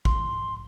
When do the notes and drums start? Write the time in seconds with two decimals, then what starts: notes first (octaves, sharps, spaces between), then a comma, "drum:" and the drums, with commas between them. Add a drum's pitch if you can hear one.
0.05 C6, drum: kick